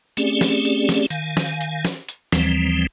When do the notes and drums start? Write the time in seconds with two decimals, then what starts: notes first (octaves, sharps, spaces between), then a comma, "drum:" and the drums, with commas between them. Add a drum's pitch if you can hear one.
0.17 A3 C4 C#4 G4 G#4 D5, drum: hi-hat
0.41 drum: snare
0.65 drum: hi-hat
0.89 drum: snare
1.10 D#3 F5 G#5, drum: hi-hat
1.37 drum: snare
1.61 drum: hi-hat
1.85 drum: snare
2.09 drum: hi-hat
2.32 D#2 E3 F3 G3 C4, drum: snare